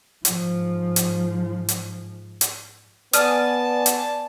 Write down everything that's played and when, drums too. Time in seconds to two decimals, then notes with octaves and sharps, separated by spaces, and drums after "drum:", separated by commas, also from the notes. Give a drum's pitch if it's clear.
0.25 G#2 F3, drum: hi-hat
0.96 drum: hi-hat
1.69 drum: hi-hat
2.41 drum: hi-hat
3.13 B3 D5 G#5 A5 D#6 F6 D#7, drum: hi-hat
3.86 drum: hi-hat